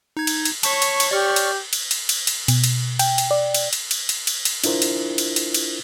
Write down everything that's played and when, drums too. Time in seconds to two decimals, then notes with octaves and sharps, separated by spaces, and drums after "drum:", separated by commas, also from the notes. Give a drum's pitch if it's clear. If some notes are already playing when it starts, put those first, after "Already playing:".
0.17 D#4 G#6
0.27 drum: cymbal
0.45 drum: cymbal
0.63 C#5 A5 C#6 B6, drum: cymbal
0.82 drum: cymbal
1.00 drum: cymbal
1.11 G4 D5 C#6 F6
1.36 drum: cymbal
1.73 drum: cymbal
1.91 drum: cymbal
2.09 drum: cymbal
2.27 drum: cymbal
2.48 B2, drum: cymbal
2.64 drum: cymbal
2.99 G5, drum: cymbal
3.18 drum: cymbal
3.31 D5
3.54 drum: cymbal
3.73 drum: cymbal
3.91 drum: cymbal
4.09 drum: cymbal
4.27 drum: cymbal
4.45 drum: cymbal
4.64 D4 E4 F4 A#4 C5, drum: cymbal
4.82 drum: cymbal
5.18 drum: cymbal
5.36 drum: cymbal
5.54 drum: cymbal